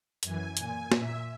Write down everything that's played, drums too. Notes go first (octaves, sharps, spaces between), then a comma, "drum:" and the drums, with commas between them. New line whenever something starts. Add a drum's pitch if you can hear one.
F#2 E3 G#5, drum: hi-hat
A#2 G#5, drum: hi-hat
A#2 E5, drum: snare